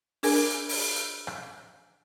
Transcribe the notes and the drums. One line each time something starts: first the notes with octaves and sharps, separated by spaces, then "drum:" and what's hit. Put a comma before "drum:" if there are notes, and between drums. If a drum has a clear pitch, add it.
D4 G#4 A#4 G#5, drum: open hi-hat
drum: open hi-hat
drum: rim click